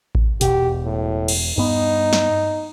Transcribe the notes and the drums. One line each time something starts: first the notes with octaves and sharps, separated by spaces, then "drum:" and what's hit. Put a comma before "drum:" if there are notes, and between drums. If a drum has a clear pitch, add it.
drum: kick A1
E1 B2 G4, drum: hi-hat
A2
drum: cymbal
G2 B3 D#4
drum: snare